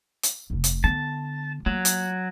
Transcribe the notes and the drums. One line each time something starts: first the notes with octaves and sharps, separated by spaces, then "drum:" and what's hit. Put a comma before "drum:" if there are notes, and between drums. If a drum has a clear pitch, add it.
drum: hi-hat
F1 C3
drum: hi-hat
D3 B3 A5
F#3 A#3 F4
drum: hi-hat